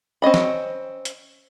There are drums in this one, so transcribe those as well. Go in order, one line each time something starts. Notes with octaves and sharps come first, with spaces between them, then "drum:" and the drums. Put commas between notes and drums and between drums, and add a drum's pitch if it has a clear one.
C4 C#4 D#5 B5
drum: snare
drum: hi-hat